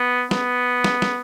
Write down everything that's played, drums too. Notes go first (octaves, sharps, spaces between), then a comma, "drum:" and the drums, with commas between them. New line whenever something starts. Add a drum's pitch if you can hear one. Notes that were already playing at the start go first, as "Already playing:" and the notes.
Already playing: B3
B3, drum: snare
drum: snare
drum: snare